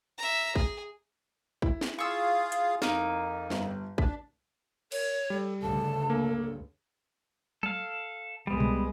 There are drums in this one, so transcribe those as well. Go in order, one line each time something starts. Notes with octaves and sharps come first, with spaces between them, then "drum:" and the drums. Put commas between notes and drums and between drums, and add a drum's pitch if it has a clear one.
E5 A#5
G#4, drum: kick
E4, drum: kick
drum: snare
F4 G#4 F5 C#6 E6
drum: hi-hat
F2 A#3 D#4, drum: snare
G1, drum: snare
D4 B6, drum: kick
A#4 C#5, drum: cymbal
G3 A4
D2 G2 C#3 A4 A5
A#3
A4 F5, drum: tom F#3
C2 G3 G#3 B3
drum: tom A#2